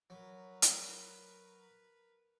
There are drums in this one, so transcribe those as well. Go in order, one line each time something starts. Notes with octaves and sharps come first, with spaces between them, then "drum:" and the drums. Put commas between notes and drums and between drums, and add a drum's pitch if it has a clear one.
F#3 A#4 B4
drum: hi-hat